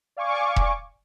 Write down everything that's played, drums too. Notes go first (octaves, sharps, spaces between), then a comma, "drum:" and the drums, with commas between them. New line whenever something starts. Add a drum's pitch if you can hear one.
D5 F5 G#5 C#6 D6
drum: kick E1